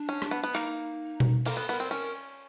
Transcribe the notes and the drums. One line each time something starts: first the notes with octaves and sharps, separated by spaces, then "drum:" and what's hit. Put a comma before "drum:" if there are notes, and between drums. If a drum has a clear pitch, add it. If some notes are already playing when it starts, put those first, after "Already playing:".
Already playing: D4
C#4
drum: rim click
B3
B3, drum: tambourine
A#3 D#4
drum: tom B2
A#3 A4, drum: cymbal
B3
B3 A#4
C4
C#4 A#4